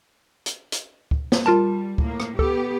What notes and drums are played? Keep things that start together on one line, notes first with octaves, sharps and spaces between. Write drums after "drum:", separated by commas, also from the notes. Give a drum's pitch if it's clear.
drum: hi-hat
drum: hi-hat
drum: kick C#2
drum: snare A#3
G3 F4 A#4 A5
A2 A#3, drum: kick C#2
drum: rim click
B3 G4 A4, drum: kick C#2